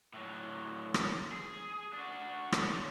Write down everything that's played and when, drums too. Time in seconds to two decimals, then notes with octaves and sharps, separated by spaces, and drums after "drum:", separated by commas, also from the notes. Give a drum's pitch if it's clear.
0.13 A2 F#3
0.94 drum: rim click
1.32 G#4
1.94 D4 F#4
2.52 D3 C#4, drum: rim click